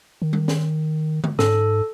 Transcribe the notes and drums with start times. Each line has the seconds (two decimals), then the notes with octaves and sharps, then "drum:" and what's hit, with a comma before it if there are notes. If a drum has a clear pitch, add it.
0.22 D#3
0.33 drum: tom G3
0.48 drum: snare
1.24 drum: tom D3
1.39 G#2 A4, drum: snare